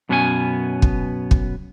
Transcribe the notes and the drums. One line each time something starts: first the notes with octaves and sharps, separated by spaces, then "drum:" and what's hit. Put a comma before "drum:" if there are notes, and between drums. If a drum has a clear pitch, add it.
F#2 B2 B3 C#4 G4 G#5
drum: kick
drum: kick